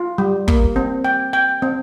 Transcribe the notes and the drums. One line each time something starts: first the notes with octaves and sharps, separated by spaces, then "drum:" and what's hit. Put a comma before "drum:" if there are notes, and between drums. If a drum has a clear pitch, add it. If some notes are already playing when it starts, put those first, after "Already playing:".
Already playing: F4
G3
A#3, drum: kick
C4
G5
G5
C4